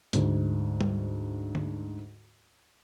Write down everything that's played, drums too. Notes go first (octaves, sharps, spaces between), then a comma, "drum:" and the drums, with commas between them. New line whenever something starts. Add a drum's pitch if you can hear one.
D2 G#2, drum: hi-hat
drum: tom G3
drum: tom D3